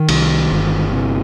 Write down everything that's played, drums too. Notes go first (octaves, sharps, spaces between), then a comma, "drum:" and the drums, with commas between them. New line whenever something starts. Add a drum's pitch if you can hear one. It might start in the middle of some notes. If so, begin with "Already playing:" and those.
Already playing: D#3
C2, drum: cymbal
G1
C3